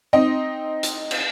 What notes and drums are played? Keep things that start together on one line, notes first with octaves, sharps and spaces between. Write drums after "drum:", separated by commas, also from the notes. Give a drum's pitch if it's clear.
C4 D#4 D#5
drum: hi-hat
drum: cymbal